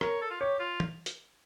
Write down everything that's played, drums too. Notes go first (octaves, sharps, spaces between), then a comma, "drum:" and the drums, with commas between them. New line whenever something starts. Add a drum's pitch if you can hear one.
A#4 C#5, drum: rim click
A4
F4
G4 C#5
F4
drum: tom
drum: hi-hat